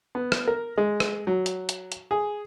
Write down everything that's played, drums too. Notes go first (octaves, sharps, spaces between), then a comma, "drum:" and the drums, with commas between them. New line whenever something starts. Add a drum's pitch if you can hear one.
B3
drum: rim click
A#4
G#3
drum: rim click
F#3
drum: hi-hat
drum: hi-hat
drum: hi-hat
G#4